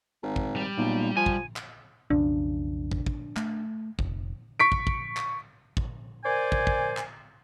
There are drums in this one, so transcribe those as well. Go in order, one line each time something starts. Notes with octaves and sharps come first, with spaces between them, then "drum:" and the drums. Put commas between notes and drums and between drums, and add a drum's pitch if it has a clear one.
G#1
drum: kick
G3
B1 A#2
F3 G#5
drum: kick
drum: clap
B1 F2 C#3 D4
drum: kick
drum: kick
A3, drum: clap
F1, drum: kick
C#6 B6 D7
drum: kick
drum: kick
drum: clap
drum: kick
A#4 C5 D5 G#5
drum: kick
drum: kick
drum: clap